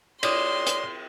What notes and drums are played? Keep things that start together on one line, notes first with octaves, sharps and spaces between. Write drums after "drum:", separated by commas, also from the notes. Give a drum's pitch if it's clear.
C#5 D5 C6 D#6, drum: cymbal
drum: hi-hat